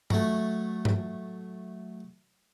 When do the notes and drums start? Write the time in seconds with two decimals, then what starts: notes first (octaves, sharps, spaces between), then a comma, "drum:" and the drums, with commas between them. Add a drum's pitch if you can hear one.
0.10 F#3 A3, drum: tom G2
0.85 drum: tom G2